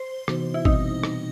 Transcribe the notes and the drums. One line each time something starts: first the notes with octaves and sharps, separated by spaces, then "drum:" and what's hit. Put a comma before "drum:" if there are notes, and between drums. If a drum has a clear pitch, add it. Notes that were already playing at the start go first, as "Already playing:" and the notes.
Already playing: C5
C3 E3 B3 D#4 F#4, drum: rim click
E4
B2 G3 C4 D#4, drum: kick G#1
drum: rim click